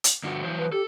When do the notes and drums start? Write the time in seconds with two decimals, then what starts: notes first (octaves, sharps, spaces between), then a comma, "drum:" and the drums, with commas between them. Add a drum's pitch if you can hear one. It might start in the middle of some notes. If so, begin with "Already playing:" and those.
0.04 drum: hi-hat
0.24 G2 D3 F#4
0.44 E3 F#3 C5
0.58 B4
0.72 G4 A4